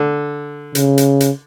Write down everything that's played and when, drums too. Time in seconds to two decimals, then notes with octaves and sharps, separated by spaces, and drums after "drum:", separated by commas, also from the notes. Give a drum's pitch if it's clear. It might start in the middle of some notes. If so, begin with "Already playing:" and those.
Already playing: D3
0.75 C#3, drum: hi-hat
0.98 drum: hi-hat
1.20 drum: hi-hat